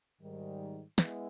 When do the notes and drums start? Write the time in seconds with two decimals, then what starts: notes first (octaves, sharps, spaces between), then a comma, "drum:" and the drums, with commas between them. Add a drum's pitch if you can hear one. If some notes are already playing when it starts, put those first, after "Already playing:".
0.20 G#2 D#3 G3
0.98 G#3 B3 E4, drum: snare